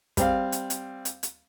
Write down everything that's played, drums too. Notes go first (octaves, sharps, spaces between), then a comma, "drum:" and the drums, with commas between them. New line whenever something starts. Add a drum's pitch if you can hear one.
G3 C4 F5, drum: kick, hi-hat
drum: hi-hat
drum: hi-hat
drum: hi-hat
drum: hi-hat